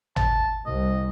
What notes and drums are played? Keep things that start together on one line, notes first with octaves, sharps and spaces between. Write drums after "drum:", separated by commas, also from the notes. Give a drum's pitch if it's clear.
A5, drum: tom G#1
C2 D#5